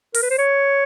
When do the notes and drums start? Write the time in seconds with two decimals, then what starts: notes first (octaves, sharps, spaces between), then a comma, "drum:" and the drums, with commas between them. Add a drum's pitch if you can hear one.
0.14 A#4, drum: open hi-hat
0.23 B4
0.30 C5
0.38 C#5